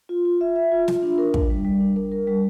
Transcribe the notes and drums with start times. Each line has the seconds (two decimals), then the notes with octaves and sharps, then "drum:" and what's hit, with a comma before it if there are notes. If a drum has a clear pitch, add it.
0.09 F4
0.25 F4
0.41 E5
0.56 E5
0.72 F4
0.88 F4, drum: snare
1.03 D4
1.18 A#4
1.34 D4, drum: kick
1.50 G3
1.65 G3
1.80 D4
1.96 A#4
2.12 A#4
2.27 G3